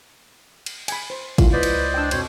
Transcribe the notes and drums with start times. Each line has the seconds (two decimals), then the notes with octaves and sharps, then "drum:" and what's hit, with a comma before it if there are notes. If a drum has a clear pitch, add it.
0.66 drum: cymbal
0.88 G#5 B5, drum: cymbal
1.10 C5
1.38 C#2 E4 F4 F5, drum: kick G#1, cymbal
1.53 B4 C5 D5 D#5
1.63 drum: cymbal
1.94 D4 G5 E6
2.11 F2 B2 C5 C#5, drum: cymbal